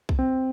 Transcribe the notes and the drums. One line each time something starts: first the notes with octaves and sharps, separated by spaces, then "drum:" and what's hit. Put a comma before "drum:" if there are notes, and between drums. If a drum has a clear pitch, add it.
drum: kick B1
C4